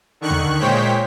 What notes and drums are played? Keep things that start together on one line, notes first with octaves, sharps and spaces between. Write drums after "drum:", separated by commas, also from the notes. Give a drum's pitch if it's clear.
D3 D#3 C#6 F#6 C#7
drum: tom D#2
A#2 G#3 C5 C#5 G5 B6